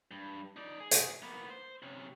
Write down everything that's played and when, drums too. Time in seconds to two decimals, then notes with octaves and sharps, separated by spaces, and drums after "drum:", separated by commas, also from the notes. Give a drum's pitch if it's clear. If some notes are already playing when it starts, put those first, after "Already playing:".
0.11 G2
0.56 D#4 D5
0.80 G#4
0.91 drum: hi-hat
1.22 A#3 B3
1.50 C5
1.82 C3 C#4